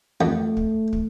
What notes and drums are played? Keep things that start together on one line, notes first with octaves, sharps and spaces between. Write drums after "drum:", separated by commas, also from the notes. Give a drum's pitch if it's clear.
F2 A3
drum: kick
drum: kick